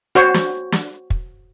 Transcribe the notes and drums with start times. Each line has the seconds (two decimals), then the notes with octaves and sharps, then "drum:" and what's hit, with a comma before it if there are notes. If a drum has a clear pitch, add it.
0.15 F#4 C5 C#5
0.34 drum: snare
0.72 drum: snare
1.10 drum: kick